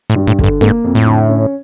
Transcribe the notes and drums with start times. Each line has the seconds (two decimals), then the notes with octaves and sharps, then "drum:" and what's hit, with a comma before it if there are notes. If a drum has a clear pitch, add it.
0.10 A2
0.15 G2
0.27 A2
0.39 D3, drum: kick
0.44 G2
0.61 G#2 A#3
0.84 F2
0.95 A2
1.07 D3
1.29 C#4